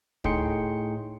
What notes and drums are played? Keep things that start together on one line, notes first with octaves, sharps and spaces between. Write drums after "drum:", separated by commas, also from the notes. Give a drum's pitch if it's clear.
A2 D#4 G#4 G5 C6 C#7, drum: kick